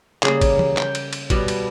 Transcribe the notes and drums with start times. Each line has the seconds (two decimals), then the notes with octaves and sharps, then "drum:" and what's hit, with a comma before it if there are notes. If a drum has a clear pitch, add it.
0.23 C#3 G3 A#3 G#4, drum: clap
0.41 drum: kick, cymbal
0.59 drum: tom E3
0.77 G5, drum: clap
0.95 drum: cymbal
1.13 drum: cymbal
1.30 B2 G3 B3, drum: kick, cymbal
1.48 drum: cymbal